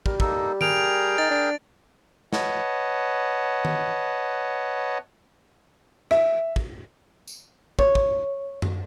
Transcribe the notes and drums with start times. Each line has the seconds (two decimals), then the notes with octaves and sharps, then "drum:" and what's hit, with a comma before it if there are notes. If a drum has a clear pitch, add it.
0.06 G3 A#4, drum: kick
0.20 A#3 D#4 A4, drum: kick
0.61 G#4 A#4 G5 D7 F7, drum: tom D#3
1.18 D#4 A6
1.31 D4
2.33 B4 C#5 D#5 F#5 A5, drum: snare
3.65 drum: tom D#3
6.11 E5, drum: rim click
6.56 drum: kick
7.27 drum: tambourine
7.79 C#5, drum: kick
7.95 drum: kick
8.62 drum: tom F#2